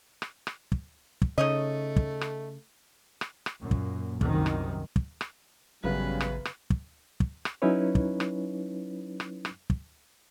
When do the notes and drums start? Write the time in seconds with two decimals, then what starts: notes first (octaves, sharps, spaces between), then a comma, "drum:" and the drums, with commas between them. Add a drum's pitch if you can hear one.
0.22 drum: rim click
0.47 drum: rim click
0.72 drum: kick
1.22 drum: kick
1.38 C#3 A3 D#4 C#5 D#5
1.96 drum: kick
2.21 drum: rim click
3.21 drum: rim click
3.46 drum: rim click
3.60 F#2 A#2
3.71 drum: kick
4.21 C2 F#2 C3 D#3, drum: kick
4.46 drum: rim click
4.96 drum: kick
5.21 drum: rim click
5.84 A1 F#2 C#3 G3 B3 C#4 B4
6.20 drum: rim click
6.45 drum: rim click
6.70 drum: kick
7.20 drum: kick
7.45 drum: rim click
7.62 F#3 C#4 D#4 E4 B4 C#5
7.95 drum: kick
8.20 drum: rim click
9.20 drum: rim click
9.45 drum: rim click
9.70 drum: kick